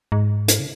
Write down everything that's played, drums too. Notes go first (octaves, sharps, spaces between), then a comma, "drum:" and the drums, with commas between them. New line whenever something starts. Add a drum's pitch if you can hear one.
G#2
drum: hi-hat
C#3